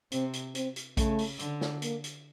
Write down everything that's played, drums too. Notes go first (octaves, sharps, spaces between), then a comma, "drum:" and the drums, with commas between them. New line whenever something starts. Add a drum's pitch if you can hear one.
C3 C4, drum: hi-hat
drum: hi-hat
C4, drum: hi-hat
drum: hi-hat
C#3 A3, drum: kick A#1, hi-hat
drum: open hi-hat
D3, drum: hi-hat
drum: snare
A#3, drum: hi-hat
drum: hi-hat